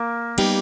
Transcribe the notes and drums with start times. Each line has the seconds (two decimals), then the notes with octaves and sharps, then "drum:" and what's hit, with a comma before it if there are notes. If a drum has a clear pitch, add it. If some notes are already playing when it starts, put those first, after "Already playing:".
Already playing: A#3
0.38 G3 B3 D#4 G4, drum: cymbal